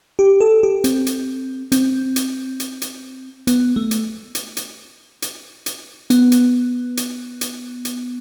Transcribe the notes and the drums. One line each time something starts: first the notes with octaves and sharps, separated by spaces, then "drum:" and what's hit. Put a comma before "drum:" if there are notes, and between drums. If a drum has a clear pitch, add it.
G4
A4
G4
C4, drum: hi-hat
drum: hi-hat
C4, drum: hi-hat
drum: hi-hat
drum: hi-hat
drum: hi-hat
B3, drum: hi-hat
A3
drum: hi-hat
drum: hi-hat
drum: hi-hat
drum: hi-hat
drum: hi-hat
B3, drum: hi-hat
drum: hi-hat
drum: hi-hat
drum: hi-hat
drum: hi-hat